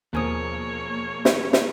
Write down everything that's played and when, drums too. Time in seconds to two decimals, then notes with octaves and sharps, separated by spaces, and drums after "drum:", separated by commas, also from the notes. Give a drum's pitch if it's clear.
0.13 E1 D#2 F3 A#3 A#4 C#5 G#5 D#6
1.25 drum: snare
1.53 drum: snare